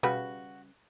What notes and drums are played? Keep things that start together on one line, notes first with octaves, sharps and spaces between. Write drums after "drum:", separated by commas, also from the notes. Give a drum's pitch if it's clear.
C#3 G3 F#4 B4, drum: tom B2